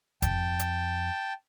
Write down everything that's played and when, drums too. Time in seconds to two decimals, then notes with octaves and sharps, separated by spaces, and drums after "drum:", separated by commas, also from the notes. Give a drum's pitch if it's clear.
0.22 F2 G5 A5, drum: kick F1, hi-hat
0.59 drum: hi-hat